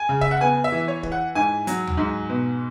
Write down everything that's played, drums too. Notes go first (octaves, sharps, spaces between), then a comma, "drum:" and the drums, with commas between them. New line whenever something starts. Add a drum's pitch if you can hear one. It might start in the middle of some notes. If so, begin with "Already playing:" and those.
Already playing: G#5
C#3
E5, drum: kick
F#5
B3 G#5
E5
E3
C#5
E3, drum: kick
F#5
G#2 G#5
F#3, drum: hi-hat
drum: tom D2
G#2
B2